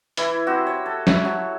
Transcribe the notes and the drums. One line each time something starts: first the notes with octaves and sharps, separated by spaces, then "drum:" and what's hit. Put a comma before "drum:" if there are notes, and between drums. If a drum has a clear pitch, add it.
E3 E4, drum: hi-hat
C4 F#4 G4
C#5
A4
C#5 E5, drum: snare
F#3